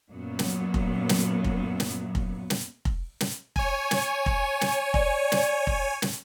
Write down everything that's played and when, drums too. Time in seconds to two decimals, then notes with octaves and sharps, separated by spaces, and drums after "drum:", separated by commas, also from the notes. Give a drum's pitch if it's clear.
0.12 F#2 A#2 F#3 B3
0.39 drum: snare
0.74 drum: kick F1
1.09 drum: snare
1.44 drum: kick F1
1.80 drum: snare
2.15 drum: kick F1
2.50 drum: snare
2.85 drum: kick F1
3.20 drum: snare
3.56 C#5 G#5, drum: kick F1
3.91 drum: snare
4.26 drum: kick F1
4.61 drum: snare
4.94 D5, drum: kick F1
5.32 drum: snare
5.67 drum: kick F1
6.02 drum: snare